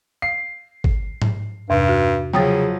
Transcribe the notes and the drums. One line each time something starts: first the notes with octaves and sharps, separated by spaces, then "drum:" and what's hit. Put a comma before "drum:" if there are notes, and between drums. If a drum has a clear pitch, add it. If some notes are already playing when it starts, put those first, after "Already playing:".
F5 C7
drum: kick G#1
drum: tom G#2
E2 G2 C3
F#4
C#3 F3 F#3 G5 D#6 A6